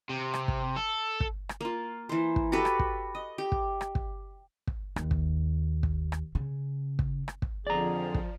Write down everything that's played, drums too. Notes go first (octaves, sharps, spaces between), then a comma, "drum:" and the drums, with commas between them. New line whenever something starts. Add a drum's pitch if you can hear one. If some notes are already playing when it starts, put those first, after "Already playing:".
C3
drum: rim click
drum: kick
A4
drum: kick
drum: rim click
A#3 F4
E3 C5
drum: kick
F#4 G4 A4 B4
drum: rim click
drum: kick
D#5
G4
drum: kick
drum: rim click
drum: kick
drum: kick
D#2, drum: rim click
drum: kick
drum: kick
drum: rim click
C#3
drum: kick
drum: rim click
drum: kick
F2 D3 F3 G#4 D5 A#5
drum: kick